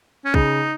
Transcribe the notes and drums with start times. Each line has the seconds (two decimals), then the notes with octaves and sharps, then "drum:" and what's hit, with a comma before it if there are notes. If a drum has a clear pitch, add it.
0.25 C#4
0.34 C#3 D#4, drum: kick